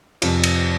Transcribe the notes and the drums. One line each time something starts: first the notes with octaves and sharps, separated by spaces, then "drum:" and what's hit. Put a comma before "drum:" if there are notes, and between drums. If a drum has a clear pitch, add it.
F2 C3 F3, drum: cymbal
drum: cymbal